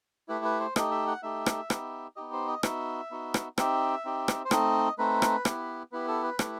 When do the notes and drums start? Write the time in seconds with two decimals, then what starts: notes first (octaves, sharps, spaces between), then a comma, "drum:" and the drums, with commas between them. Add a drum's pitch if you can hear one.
0.28 A3 E4 G4 B4
0.45 B4
0.60 C5
0.76 A3 D#4 G4 D#5, drum: rim click
0.91 E5
1.07 F#5
1.23 A3 D#4 G4 E5
1.46 drum: rim click
1.70 B3 D#4 G4, drum: rim click
2.16 B3 D#4 G4 D#5
2.33 C5
2.48 D#5
2.63 B3 D#4 F#4 E5, drum: rim click
3.11 B3 D#4 F#4
3.34 drum: rim click
3.58 C4 D#4 G4 E5, drum: rim click
4.05 C4 D#4 G4
4.28 drum: rim click
4.45 C5
4.51 A3 C4 D#4 D#5, drum: rim click
4.98 A3 C4 D#4 B4
5.22 drum: rim click
5.45 B3 E4 G4, drum: rim click
5.92 B3 E4 G4 B4
6.08 A4
6.23 B4
6.39 A3 E4 G4, drum: rim click